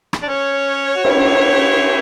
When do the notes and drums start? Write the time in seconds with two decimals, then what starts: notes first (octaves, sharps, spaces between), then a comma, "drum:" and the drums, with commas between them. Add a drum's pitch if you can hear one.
0.13 drum: rim click
0.23 D4
0.28 C#4 C#5
0.96 F#4
1.05 C#4 E4, drum: cymbal